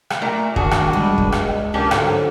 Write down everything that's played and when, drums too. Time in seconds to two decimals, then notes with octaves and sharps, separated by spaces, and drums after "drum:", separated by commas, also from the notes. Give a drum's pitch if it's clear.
0.10 drum: rim click
0.22 A#2 A3 A#4 D5
0.56 D#3 D4 F#4 G#4, drum: kick
0.71 drum: rim click
0.93 G3 G#3 B3
1.18 C#2, drum: kick
1.32 drum: rim click
1.74 F3 A#3 C#4 D4 G4
1.91 G#2 D3 F#3, drum: rim click